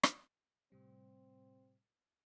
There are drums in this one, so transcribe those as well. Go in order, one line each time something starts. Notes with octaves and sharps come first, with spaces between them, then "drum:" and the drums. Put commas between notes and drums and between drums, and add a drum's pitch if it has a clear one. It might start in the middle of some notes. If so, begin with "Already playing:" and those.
drum: rim click
A2 C3 G3 C4